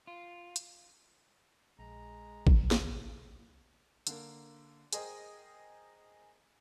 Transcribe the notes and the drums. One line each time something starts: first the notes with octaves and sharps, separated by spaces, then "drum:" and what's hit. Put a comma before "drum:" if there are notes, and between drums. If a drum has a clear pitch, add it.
F4
drum: hi-hat
A#1 G#3 A#5
drum: kick
drum: snare
D3 A#3, drum: hi-hat
G#4 A#4 C5 D#5 G5 G#5, drum: hi-hat